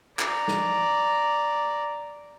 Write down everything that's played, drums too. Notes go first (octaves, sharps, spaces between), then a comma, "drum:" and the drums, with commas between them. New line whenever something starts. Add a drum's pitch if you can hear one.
D5 A#5, drum: clap
drum: snare